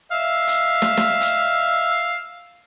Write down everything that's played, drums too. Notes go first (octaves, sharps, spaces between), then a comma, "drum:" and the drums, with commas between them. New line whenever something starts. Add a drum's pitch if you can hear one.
E5 F5
drum: hi-hat
drum: snare
drum: snare
drum: hi-hat